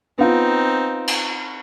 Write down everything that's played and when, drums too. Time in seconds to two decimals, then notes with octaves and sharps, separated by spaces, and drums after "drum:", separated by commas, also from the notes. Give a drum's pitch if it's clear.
0.18 B3 C4 D#4 F4
1.07 drum: cymbal